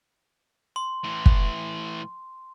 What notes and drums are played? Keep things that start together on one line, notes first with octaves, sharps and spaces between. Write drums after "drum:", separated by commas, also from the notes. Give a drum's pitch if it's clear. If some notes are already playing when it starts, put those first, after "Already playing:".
C6
A2 E3
drum: kick